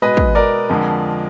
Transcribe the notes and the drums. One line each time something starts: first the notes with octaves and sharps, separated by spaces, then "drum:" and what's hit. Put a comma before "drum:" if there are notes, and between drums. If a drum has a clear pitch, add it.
B2 G#3 B4 D#5
drum: kick
A#4 D5
F2 D3 F3 G#3